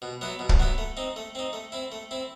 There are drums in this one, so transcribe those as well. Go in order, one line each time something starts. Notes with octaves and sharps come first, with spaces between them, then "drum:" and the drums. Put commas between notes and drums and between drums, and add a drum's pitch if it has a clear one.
B2
F#3 B3 E4
B2
drum: kick
F#3 B3 E4
A3
C4 D#4
A3
C4 D#4
A3
C4 E4
A3
C4 E4